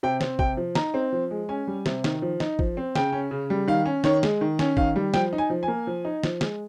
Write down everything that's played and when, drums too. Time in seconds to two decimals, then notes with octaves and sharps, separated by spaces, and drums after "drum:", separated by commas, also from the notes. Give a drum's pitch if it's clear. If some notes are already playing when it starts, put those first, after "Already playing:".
0.03 C3 G5
0.21 C4, drum: snare
0.39 C3 G5, drum: kick
0.57 F3
0.75 D#4 A#5, drum: snare
0.94 C4
1.12 F3
1.31 G#3
1.49 C#4 G#5
1.67 G3
1.86 C3, drum: snare
2.04 D#3, drum: snare
2.22 F3
2.40 D#4, drum: snare
2.59 F3, drum: kick
2.77 C4
2.96 C#3 G5, drum: snare
3.13 C#4
3.31 C#3
3.50 G3
3.68 D#3 F5
3.86 C#4
4.04 D#3 C#5, drum: snare
4.23 G#3, drum: snare
4.41 D#3
4.59 C#4, drum: snare
4.77 D#3 F5, drum: kick
4.96 G3
5.14 F3 G5, drum: snare
5.33 D#4
5.38 G#5
5.50 F3
5.63 G#5
5.68 A#3
5.87 F3
6.05 D#4
6.23 F3, drum: snare
6.41 G#3, drum: snare